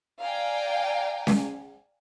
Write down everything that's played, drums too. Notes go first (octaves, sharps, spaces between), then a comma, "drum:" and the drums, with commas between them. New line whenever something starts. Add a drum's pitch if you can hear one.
D5 F5 G5 G#5 A#5
drum: snare C#4